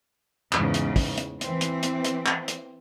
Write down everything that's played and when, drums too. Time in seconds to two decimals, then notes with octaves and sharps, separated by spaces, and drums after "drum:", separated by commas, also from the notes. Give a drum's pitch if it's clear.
0.52 E2 G#2 C#3, drum: clap
0.74 drum: hi-hat
0.96 drum: kick, open hi-hat
1.18 drum: hi-hat
1.41 E3 C4, drum: hi-hat
1.61 drum: hi-hat
1.83 drum: hi-hat
2.05 drum: hi-hat
2.26 drum: clap
2.48 drum: hi-hat